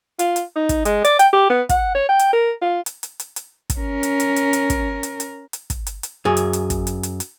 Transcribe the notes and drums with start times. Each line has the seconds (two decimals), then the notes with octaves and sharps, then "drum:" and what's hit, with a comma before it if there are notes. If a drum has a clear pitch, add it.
0.19 F4, drum: hi-hat
0.36 drum: hi-hat
0.56 D#4
0.69 drum: kick, hi-hat
0.85 G#3, drum: hi-hat
1.05 D5, drum: hi-hat
1.19 G5, drum: hi-hat
1.33 G4
1.49 B3
1.69 F#5, drum: kick, hi-hat
1.95 C#5
2.09 G5
2.19 drum: hi-hat
2.33 A#4
2.62 F4
2.86 drum: hi-hat
3.03 drum: hi-hat
3.20 drum: hi-hat
3.36 drum: hi-hat
3.70 drum: kick, hi-hat
3.79 C#4 A#4
4.03 drum: hi-hat
4.20 drum: hi-hat
4.36 drum: hi-hat
4.53 drum: hi-hat
4.70 drum: kick, hi-hat
5.03 drum: hi-hat
5.20 drum: hi-hat
5.53 drum: hi-hat
5.70 drum: kick, hi-hat
5.87 drum: hi-hat
6.03 drum: hi-hat
6.25 F#2 G#4
6.37 drum: hi-hat
6.53 drum: hi-hat
6.70 drum: kick, hi-hat
6.87 drum: hi-hat
7.03 drum: hi-hat
7.20 drum: hi-hat